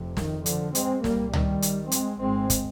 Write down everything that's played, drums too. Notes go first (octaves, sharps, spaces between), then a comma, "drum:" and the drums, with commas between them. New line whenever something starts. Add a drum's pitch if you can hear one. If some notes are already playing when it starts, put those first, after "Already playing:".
Already playing: F1 F2 C3
D#3, drum: snare
D3 F3, drum: hi-hat
G#3 C4, drum: hi-hat
C2 A#2 G3 A#3, drum: snare
D#3 G3, drum: tom C#2
drum: hi-hat
G#3 C4, drum: hi-hat
G#1 G#2 G#3 C4
drum: kick, hi-hat